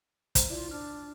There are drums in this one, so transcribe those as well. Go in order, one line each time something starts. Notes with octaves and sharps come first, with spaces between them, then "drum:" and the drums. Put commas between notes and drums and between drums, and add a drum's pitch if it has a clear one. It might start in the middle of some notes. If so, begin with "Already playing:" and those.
G#2 C5 A#5, drum: kick, hi-hat
E4 F4 D5
D4 F6